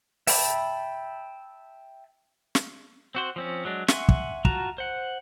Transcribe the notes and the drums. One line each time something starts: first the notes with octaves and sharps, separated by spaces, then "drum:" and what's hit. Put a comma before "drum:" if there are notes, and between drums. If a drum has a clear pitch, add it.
E5 G5 A5 B5, drum: open hi-hat
drum: snare
C4 F#4 C5
F3 C4 C#4
F#3 G#3 D4
E5 F#5 G#5 C6 C#6, drum: snare
drum: kick
F4 F#4 A5 A#5, drum: kick
C5 F#5